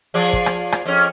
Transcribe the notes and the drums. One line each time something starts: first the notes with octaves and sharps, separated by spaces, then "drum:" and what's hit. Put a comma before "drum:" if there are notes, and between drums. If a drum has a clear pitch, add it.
F3 G#4 D5
drum: kick
drum: rim click
drum: rim click
F2 C#4